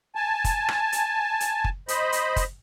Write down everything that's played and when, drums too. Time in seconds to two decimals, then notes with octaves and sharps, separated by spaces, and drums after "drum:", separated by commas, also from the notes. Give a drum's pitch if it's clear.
0.15 G#5 A5
0.44 drum: kick, hi-hat
0.68 drum: rim click
0.92 drum: hi-hat
1.40 drum: hi-hat
1.64 drum: kick
1.88 C5 D#5 B5, drum: hi-hat
2.12 drum: hi-hat
2.36 drum: kick, hi-hat